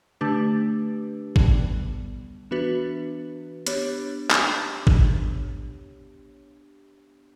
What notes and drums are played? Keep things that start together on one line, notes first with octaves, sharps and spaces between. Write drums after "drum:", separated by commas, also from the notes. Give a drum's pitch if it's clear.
D3 A3 D4 G4 B4
D3 G3 B3, drum: kick
E3 B3 D4 F#4 B4
B3 D4 G4 C#5, drum: hi-hat
drum: clap
drum: kick